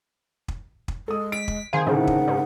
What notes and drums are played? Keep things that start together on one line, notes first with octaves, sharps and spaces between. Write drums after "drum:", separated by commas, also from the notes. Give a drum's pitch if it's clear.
drum: kick
drum: kick
G#3 A4 D#6
B6 D7
drum: kick
D#3 C4 G#4 F5 G#5 C6
A2 C#3 F#5
drum: kick
G#2